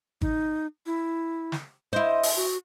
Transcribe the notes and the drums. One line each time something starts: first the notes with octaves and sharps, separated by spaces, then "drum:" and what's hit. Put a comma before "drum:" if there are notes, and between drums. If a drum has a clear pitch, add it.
D#4, drum: kick G#1
E4
drum: snare
E4 C5 D#5
drum: open hi-hat
F#4